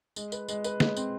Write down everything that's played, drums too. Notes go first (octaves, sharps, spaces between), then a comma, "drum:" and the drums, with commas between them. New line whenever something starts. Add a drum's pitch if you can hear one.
G#3, drum: tambourine
B4, drum: tambourine
G#3, drum: tambourine
B4, drum: tambourine
G#3, drum: snare
C4, drum: tambourine